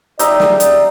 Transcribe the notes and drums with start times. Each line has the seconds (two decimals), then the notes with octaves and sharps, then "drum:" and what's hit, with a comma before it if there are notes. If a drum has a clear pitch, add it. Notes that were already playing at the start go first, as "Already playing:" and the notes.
0.19 G3 D#4 D5 E5, drum: hi-hat
0.40 drum: snare
0.60 drum: hi-hat